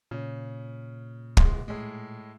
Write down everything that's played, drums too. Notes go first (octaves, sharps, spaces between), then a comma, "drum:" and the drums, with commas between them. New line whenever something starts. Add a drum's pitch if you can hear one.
A#2 C#3
D1 G#3 C6, drum: kick
A2 G#3